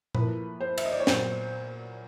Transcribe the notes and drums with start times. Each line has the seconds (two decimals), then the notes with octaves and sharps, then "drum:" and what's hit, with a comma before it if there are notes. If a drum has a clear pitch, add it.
0.15 A2 F3 A#3 B4, drum: tom A#2
0.61 C5
0.78 E5, drum: cymbal
0.85 D#5
0.92 D5
1.00 C#5
1.07 A#2 F#3 B3 C5, drum: snare